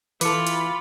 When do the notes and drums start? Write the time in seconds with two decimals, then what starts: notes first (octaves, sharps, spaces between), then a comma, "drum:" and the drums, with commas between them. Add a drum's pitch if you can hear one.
0.21 E3 F4 A4 B4 B5 D6 C#7, drum: hi-hat
0.47 drum: hi-hat